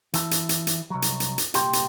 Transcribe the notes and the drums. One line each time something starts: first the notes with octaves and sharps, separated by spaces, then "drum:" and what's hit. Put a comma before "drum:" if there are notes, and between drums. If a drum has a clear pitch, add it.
E3 E4 A5, drum: hi-hat
drum: hi-hat
drum: hi-hat
drum: hi-hat
C2 F#3
drum: hi-hat
drum: hi-hat
drum: hi-hat
C2 A#2 G4 G5 C6, drum: hi-hat
drum: hi-hat